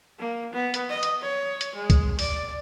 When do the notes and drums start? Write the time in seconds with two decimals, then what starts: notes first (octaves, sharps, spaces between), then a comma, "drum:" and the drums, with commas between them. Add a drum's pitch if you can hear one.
0.19 A#3
0.53 B3
0.74 drum: hi-hat
0.89 D#5
1.03 drum: hi-hat
1.22 C#5
1.61 drum: hi-hat
1.75 G#3
1.90 drum: kick C#2, hi-hat
2.19 D5, drum: open hi-hat